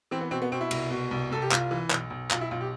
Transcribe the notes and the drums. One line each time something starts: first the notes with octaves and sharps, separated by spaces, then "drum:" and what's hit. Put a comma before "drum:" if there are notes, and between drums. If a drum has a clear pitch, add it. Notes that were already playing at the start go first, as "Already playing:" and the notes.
E3 C4
B3
B2 C4
B3
B2 C4
E4
C2, drum: cymbal
B2
C2
C2 A4
G4
C2 F4, drum: clap
E3
B1, drum: clap
B1
B1 F4, drum: clap
E4
B1 F4
G4